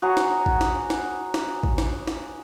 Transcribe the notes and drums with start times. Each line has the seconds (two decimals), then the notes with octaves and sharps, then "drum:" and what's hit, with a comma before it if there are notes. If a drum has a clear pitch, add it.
0.02 F#4 G#4 C#5 A#5
0.17 drum: snare
0.46 drum: kick
0.61 drum: snare
0.90 drum: snare
1.34 drum: snare
1.63 drum: kick
1.78 drum: snare
2.07 drum: snare